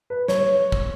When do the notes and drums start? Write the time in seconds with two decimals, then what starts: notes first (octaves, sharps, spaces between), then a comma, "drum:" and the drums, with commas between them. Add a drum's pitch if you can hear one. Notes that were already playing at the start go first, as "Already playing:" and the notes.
0.10 B4
0.28 C#5, drum: snare
0.72 drum: kick